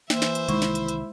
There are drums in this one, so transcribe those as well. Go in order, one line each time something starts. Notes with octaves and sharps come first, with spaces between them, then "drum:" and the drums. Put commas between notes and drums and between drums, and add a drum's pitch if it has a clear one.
E3 A#3 C5 E5, drum: snare
drum: snare
drum: hi-hat
C2 D#3 E3 G#3 D#4 E4 C#6, drum: hi-hat
drum: snare
drum: hi-hat
drum: hi-hat